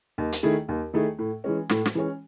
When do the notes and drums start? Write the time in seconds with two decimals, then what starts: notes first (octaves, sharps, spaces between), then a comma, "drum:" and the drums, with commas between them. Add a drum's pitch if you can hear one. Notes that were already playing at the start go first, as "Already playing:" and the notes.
0.18 D#2
0.32 drum: hi-hat
0.43 D#3 A3 E4 G#4
0.69 D#2
0.93 D#3 A3 E4 G#4
1.19 A2
1.44 E3 G#3 C#4
1.69 A2, drum: snare
1.86 drum: snare
1.95 E3 G#3 C#4